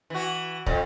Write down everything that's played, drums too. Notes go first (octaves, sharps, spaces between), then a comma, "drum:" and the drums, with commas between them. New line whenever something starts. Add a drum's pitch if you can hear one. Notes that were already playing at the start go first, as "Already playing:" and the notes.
E3 F#4
F2, drum: kick